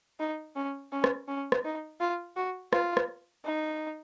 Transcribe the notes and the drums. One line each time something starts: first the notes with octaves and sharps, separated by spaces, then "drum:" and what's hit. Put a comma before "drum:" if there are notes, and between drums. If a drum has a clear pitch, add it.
D#4
C#4
C#4
drum: rim click
C#4
drum: rim click
D#4
F4
F#4
F4, drum: rim click
drum: rim click
D#4